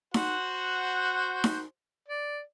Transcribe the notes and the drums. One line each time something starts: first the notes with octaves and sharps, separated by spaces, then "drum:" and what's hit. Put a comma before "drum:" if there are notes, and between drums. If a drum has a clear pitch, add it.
F#4 C5 F#5, drum: snare D#4
drum: snare D#4
D5